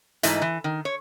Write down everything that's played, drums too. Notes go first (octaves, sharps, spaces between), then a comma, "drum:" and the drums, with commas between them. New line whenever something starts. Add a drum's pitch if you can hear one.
G#2 E3 A3 D#4 E4, drum: hi-hat
E3
D#3
C#5